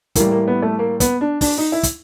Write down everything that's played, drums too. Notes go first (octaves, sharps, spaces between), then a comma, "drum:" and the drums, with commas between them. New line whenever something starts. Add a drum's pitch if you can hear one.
A2 E3 G3 A#3, drum: kick, hi-hat
A#3
B3
A3
A#3
B3, drum: kick, hi-hat
D4
D4, drum: kick, open hi-hat
D#4
E4
drum: kick, hi-hat